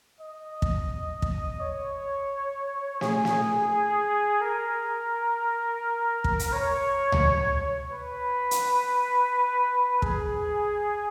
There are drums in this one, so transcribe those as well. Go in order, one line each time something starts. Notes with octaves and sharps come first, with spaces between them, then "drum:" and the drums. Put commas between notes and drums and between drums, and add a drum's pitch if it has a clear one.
D#5
drum: kick
drum: kick
C#5
G#4, drum: snare
drum: snare
A#4
drum: kick
drum: hi-hat
C#5
drum: tom C#2
B4
drum: hi-hat
G#4, drum: kick